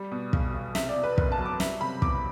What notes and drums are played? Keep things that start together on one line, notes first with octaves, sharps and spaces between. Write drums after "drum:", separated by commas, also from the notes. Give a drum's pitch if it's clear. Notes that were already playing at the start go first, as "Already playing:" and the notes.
Already playing: G3
B2
B1, drum: kick
B1
C3 E5, drum: snare
D5
E2
B4
F#1 B4, drum: kick
A5
F#3
D6
G3 E5, drum: snare
C3 B5
E2 D6, drum: kick